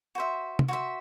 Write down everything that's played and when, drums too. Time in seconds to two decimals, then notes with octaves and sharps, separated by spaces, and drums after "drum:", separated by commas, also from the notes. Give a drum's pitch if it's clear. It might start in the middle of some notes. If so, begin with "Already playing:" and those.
0.15 F#4 C5 E5
0.59 drum: tom
0.68 F#4 C5 E5